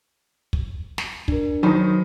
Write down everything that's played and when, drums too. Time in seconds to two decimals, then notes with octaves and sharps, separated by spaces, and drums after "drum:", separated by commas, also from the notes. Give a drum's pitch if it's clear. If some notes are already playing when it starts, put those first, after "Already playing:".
0.53 drum: kick
0.98 drum: snare
1.28 D4 A#4, drum: kick
1.63 D#3 F#3 D#4 B4 C5 B5